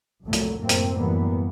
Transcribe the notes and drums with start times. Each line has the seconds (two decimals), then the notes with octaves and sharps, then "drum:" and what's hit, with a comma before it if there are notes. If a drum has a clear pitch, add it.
0.24 C2 F2 A#2 F#3 A3
0.33 drum: hi-hat
0.59 F#2 A2 C3 A#3 C4
0.69 drum: hi-hat
0.96 F#2 A2 E3 G3 A#3 B3